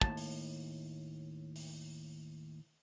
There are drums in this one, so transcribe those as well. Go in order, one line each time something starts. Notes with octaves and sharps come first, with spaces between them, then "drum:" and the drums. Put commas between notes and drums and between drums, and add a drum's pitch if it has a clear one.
D#2 A2 F#3 A5, drum: kick
drum: open hi-hat
drum: open hi-hat